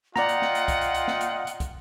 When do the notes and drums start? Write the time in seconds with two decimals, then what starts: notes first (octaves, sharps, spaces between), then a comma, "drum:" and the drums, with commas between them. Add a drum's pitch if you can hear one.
0.16 F4 D5 D#5 F#5 G5 A#5, drum: snare
0.29 drum: hi-hat
0.42 drum: snare
0.55 drum: hi-hat
0.68 drum: kick, hi-hat
0.81 drum: hi-hat
0.94 drum: hi-hat
1.08 drum: snare
1.21 drum: hi-hat
1.47 drum: hi-hat
1.60 drum: kick, hi-hat